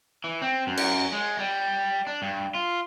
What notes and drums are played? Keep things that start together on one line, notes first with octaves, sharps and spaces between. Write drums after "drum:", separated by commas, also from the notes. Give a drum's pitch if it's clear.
E3
C4
F#2
drum: cymbal
G#3
G3
D4
G2
F4